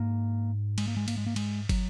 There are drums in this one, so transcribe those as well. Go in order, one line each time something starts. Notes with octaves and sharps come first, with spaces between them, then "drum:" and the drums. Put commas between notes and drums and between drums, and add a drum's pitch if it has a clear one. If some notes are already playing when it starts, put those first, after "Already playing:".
Already playing: G#2 A#3
G#3, drum: cymbal
A#3
G#3
A#3, drum: cymbal
G#3
A#3
G#3, drum: cymbal
F#3, drum: kick, cymbal